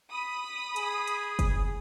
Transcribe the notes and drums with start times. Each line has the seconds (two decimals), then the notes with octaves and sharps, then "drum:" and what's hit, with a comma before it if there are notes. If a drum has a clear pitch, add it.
0.10 B5 D#6
0.76 G#4, drum: hi-hat
1.07 drum: hi-hat
1.39 drum: kick F#1, hi-hat